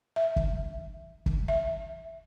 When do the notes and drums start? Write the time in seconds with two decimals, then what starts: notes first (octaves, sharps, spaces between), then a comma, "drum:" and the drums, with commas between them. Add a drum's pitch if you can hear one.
0.16 E5
0.36 drum: kick
1.26 drum: kick
1.48 E5